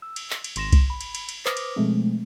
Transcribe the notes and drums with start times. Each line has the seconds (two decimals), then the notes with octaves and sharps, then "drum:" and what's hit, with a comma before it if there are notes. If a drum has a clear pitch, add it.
0.02 E6
0.16 drum: cymbal
0.30 drum: clap
0.44 drum: cymbal
0.56 G#1 C6 A#6 E7, drum: cymbal
0.72 drum: kick C2, cymbal
0.90 B5
1.01 drum: cymbal
1.15 drum: cymbal
1.29 drum: cymbal
1.45 B4 C5 D6 D#6 F6 A#6, drum: clap
1.57 drum: cymbal
1.76 B2 F3 G#3 A3 C4